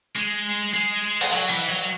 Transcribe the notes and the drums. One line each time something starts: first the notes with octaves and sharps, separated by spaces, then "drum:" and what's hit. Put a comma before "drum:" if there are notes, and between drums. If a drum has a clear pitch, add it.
G#3
G#3
drum: cymbal
F#3
E3
F#3